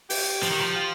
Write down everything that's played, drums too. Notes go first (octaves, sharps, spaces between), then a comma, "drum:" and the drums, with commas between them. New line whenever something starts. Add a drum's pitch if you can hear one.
G4, drum: open hi-hat
F3, drum: hi-hat
D#3
F3
F4